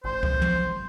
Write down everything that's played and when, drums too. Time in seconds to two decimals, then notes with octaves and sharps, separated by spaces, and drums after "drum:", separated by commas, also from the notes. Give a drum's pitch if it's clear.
0.04 G#1 C5 C6
0.23 drum: kick C2
0.41 drum: tom